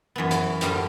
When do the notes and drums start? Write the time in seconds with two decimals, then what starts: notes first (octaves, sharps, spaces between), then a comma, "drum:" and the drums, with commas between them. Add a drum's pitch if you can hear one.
0.16 F#2 E3 B3
0.31 drum: hi-hat
0.61 F#2 D3 G3 B3, drum: hi-hat